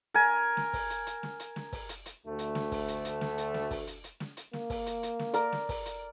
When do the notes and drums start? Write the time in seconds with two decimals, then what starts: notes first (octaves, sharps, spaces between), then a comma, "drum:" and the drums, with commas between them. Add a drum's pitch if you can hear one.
0.14 A#4 G#5
0.57 drum: snare
0.73 drum: kick, open hi-hat
0.90 drum: hi-hat
1.06 drum: hi-hat
1.23 drum: snare
1.39 drum: hi-hat
1.56 drum: snare
1.72 drum: kick, open hi-hat
1.89 drum: hi-hat
2.06 drum: hi-hat
2.26 D2 A3
2.39 drum: hi-hat
2.55 drum: snare
2.72 drum: kick, open hi-hat
2.88 drum: hi-hat
3.05 drum: hi-hat
3.21 drum: snare
3.38 drum: hi-hat
3.54 drum: snare
3.71 drum: kick, open hi-hat
3.87 drum: hi-hat
4.04 drum: hi-hat
4.20 drum: snare
4.37 drum: hi-hat
4.53 A#3, drum: snare
4.70 drum: kick, open hi-hat
4.86 drum: hi-hat
5.03 drum: hi-hat
5.19 drum: snare
5.33 A#4 D5, drum: hi-hat
5.52 drum: snare
5.69 drum: kick, open hi-hat
5.85 drum: hi-hat